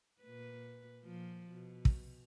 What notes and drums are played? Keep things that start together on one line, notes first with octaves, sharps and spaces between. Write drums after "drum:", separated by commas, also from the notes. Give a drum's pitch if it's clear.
A#2 B4
A#2 F3
B2
drum: kick